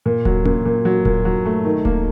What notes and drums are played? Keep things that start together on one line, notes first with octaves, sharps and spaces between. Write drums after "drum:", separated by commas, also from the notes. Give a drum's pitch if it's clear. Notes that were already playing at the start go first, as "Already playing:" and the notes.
A#2
F#3, drum: kick D#1
A#2, drum: tom C#4
A#2
F#3
A#2, drum: kick D#1
F#3
A3
D#3
A#3, drum: kick D#1